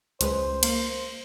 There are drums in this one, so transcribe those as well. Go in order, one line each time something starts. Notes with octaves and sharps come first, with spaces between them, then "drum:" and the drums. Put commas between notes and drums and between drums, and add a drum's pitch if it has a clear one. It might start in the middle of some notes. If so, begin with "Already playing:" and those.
C#2 G#3 B4 C5, drum: hi-hat
A#3, drum: cymbal